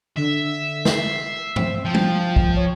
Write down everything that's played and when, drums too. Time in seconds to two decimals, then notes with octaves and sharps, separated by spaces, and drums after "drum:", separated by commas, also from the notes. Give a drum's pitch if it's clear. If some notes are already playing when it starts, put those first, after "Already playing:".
0.17 D3 E5
0.85 C7, drum: snare
1.56 C4, drum: tom
1.85 F3 G5
1.94 drum: tom
2.36 drum: kick
2.56 C#5